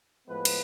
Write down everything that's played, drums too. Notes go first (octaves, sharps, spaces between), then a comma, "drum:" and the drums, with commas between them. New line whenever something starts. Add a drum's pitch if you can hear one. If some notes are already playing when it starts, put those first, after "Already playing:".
A2 F3 G#3 B3 B4
drum: cymbal